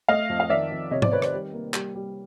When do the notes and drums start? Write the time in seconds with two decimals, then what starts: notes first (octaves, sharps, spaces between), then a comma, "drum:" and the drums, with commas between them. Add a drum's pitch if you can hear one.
0.09 A3 D#5 F5
0.30 F2
0.40 F5
0.50 D#3 D5 E5
0.71 F2
0.91 C3 C#5 D#5
1.02 C5 D5, drum: tom
1.12 D#3 B4 C#5
1.22 C5 D5, drum: rim click
1.33 G3
1.53 A#3
1.74 G3, drum: clap
1.95 G3